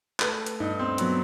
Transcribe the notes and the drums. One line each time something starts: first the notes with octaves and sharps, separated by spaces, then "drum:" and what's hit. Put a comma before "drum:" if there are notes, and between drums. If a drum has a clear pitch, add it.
A3 B4, drum: clap
drum: hi-hat
G2 D#4
C4
F#3 B3, drum: hi-hat